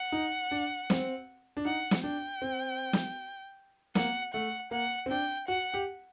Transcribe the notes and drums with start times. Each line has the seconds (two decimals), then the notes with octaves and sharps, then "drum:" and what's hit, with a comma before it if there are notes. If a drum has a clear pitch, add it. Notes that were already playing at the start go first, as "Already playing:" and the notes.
Already playing: F#5
0.12 D#4
0.51 D4
0.90 C4, drum: snare
1.57 D4
1.65 D#4 F#5
1.91 drum: snare
2.03 D4 G5
2.42 C4
2.93 drum: snare
3.95 A#3 F#5, drum: snare
4.33 A3 F#5
4.71 A#3 F#5
5.06 C4
5.11 D4 G5
5.48 F#4 F#5
5.74 G4